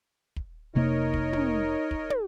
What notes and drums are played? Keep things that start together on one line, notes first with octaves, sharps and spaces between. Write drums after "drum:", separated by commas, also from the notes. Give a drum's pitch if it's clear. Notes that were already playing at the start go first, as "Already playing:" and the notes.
drum: kick
F1 C3 A#3 D#4 A#4 C#5 D#5
drum: kick
drum: tom
drum: kick
drum: tom